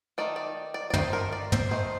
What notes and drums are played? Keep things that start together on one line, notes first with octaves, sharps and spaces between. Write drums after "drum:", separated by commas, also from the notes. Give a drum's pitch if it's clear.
D#3 A3 D#4 D5
D5
D5
D5
D#3 A3 D#4 C5, drum: tom
A#4
D5
C5, drum: tom
D#3 A3 D#4 C5